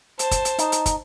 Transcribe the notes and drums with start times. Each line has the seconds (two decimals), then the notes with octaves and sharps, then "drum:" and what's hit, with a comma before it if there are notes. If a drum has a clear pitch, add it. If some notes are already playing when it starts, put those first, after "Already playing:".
0.19 C5 A5, drum: hi-hat
0.31 drum: kick, hi-hat
0.45 drum: hi-hat
0.59 D#4, drum: hi-hat
0.72 drum: hi-hat
0.86 drum: kick, hi-hat